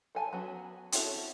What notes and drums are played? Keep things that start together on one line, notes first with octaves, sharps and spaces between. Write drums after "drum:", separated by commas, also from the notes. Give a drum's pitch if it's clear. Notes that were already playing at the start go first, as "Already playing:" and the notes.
A4 G#5 A5
F#3 B3 C#4
C4 C#4 E4 F#4 A4, drum: hi-hat